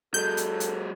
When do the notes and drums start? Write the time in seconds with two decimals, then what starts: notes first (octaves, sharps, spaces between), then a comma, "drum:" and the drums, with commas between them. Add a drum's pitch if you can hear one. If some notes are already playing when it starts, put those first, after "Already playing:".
0.14 F#3 G#3 A4 G6
0.37 drum: hi-hat
0.60 drum: hi-hat